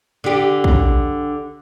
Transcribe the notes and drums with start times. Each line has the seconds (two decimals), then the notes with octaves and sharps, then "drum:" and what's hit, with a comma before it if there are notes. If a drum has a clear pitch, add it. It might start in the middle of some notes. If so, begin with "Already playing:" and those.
0.24 D3 G4
0.64 drum: kick